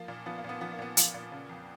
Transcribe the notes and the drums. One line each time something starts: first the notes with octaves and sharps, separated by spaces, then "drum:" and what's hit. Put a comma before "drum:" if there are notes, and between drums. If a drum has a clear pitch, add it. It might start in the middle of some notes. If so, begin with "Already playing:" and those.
Already playing: F3 A#3
A#2
F3 B3
A#3
A#2 B3
F3 B3
A#3
A#2 B3
F3, drum: hi-hat
A#2
C#3
F2